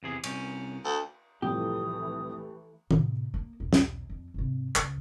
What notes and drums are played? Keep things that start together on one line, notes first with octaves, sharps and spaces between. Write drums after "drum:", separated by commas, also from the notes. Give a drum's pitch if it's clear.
E2 C3 G#4
C2 C#4, drum: cymbal
D2
C2 A2 E3 F3 A3 G4 D#6
A2 C3, drum: tom
A#3
B1 E2
drum: snare
F2
G#2 C3
C#2, drum: clap